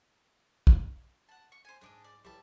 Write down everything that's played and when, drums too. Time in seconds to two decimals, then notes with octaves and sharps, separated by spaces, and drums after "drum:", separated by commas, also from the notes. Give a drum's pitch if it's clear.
0.67 drum: kick
1.29 F#5 A5
1.52 C#6
1.65 C5 G#5
1.81 G#2 D4 D6 D#6
2.04 D5
2.24 A1 G3 E5 A5 D6